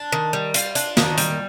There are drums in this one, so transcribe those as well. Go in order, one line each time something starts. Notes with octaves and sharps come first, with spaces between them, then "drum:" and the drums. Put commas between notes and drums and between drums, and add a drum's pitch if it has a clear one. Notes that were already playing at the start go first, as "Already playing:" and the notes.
Already playing: D4
D#3
G3
F4, drum: hi-hat
D4, drum: hi-hat
D#3, drum: snare
G3, drum: hi-hat